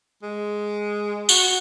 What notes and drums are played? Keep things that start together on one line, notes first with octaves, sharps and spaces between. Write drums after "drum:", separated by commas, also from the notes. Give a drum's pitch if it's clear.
G#3
F#4, drum: tambourine